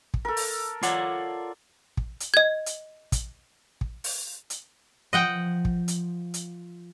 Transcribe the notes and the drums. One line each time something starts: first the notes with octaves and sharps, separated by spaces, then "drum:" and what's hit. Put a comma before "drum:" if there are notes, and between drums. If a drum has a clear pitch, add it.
drum: kick
A4 A#4
drum: open hi-hat
F4 C#5 D5 F#5, drum: hi-hat
drum: kick
drum: hi-hat
D#5 G#6
drum: hi-hat
drum: kick, hi-hat
drum: kick
drum: open hi-hat
drum: hi-hat
F3 D#5 F#5 G5
drum: kick
drum: hi-hat
drum: hi-hat